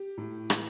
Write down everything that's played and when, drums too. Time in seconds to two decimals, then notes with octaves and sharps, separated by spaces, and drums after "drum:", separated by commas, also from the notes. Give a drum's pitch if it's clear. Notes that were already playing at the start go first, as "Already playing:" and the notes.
Already playing: G4
0.18 A2
0.50 E3, drum: rim click